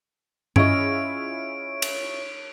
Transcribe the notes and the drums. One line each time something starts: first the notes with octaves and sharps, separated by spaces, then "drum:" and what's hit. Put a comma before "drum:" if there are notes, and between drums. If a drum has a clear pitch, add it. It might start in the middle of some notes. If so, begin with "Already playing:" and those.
C#4 E4 F4 G#4 C#5 D#5 D7, drum: tom G2
drum: cymbal